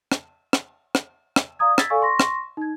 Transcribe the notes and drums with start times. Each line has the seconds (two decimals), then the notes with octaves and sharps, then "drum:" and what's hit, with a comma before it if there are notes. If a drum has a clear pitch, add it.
0.12 drum: rim click
0.53 drum: rim click
0.95 drum: rim click
1.36 drum: rim click
1.59 D5 F5 A#5 D#6 G#6
1.78 E6 G#6 A6 B6, drum: rim click
1.90 A4 D5 F5 G#5 C#6 E6
2.02 C6 C#6 A#6
2.20 drum: rim click
2.57 D#4 G#6